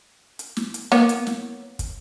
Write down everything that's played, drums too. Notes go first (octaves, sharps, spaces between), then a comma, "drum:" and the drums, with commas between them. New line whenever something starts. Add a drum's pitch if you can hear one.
drum: hi-hat
drum: snare
drum: hi-hat
A#3 B3 C#5, drum: snare
drum: hi-hat
drum: snare
drum: kick, hi-hat